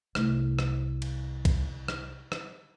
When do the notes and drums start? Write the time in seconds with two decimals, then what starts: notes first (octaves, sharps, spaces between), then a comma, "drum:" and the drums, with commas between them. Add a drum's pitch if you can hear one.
0.15 C2 A3, drum: rim click
0.59 drum: rim click
1.02 drum: cymbal
1.45 drum: kick B1, cymbal
1.88 drum: rim click
2.32 drum: rim click